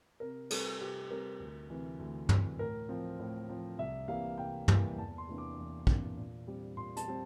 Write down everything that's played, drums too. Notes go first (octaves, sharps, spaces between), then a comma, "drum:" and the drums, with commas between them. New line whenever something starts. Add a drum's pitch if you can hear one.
C3 A#4
G3 C4 A4, drum: cymbal
C3 G4
G3 C4 A#4
D2
C3 E3
D2
C3 E3, drum: tom
A2 A#4
F3 C4
A2
F3 C4
C2 E5
C3 E3 G3 A#3 F5
C2 G5
C3 E3 G3 A#3, drum: tom
E2 A5
C6
C3 E3 A#3 D4
D6
E2
C3 E3 A#3 D4, drum: kick
A#2
G3 C4
A#2 C6
A5, drum: hi-hat
G3 C4